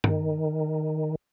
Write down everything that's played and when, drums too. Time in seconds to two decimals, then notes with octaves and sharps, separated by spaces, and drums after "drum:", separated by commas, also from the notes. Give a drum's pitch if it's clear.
0.04 D#3, drum: tom G2